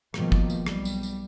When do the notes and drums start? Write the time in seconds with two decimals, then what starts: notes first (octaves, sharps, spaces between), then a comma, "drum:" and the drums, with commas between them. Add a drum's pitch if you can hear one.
0.14 G#2 B2 D#3 F3 G3 A#3, drum: rim click
0.32 drum: kick
0.50 drum: tambourine
0.67 B1 G3, drum: rim click
0.85 drum: tambourine
1.03 drum: tambourine